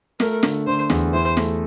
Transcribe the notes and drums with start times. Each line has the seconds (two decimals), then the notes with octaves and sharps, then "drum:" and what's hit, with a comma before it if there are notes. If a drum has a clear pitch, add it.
0.20 A3 A#4, drum: snare
0.43 D3, drum: snare
0.67 D3 C5
0.90 E2, drum: snare
1.13 E4 C5
1.37 A3, drum: snare